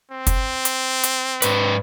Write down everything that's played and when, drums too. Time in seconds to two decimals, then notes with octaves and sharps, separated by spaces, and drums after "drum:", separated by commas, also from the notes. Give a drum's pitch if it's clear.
0.12 C4
0.27 drum: kick, hi-hat
0.65 drum: hi-hat
1.04 drum: hi-hat
1.42 G#2 B4, drum: hi-hat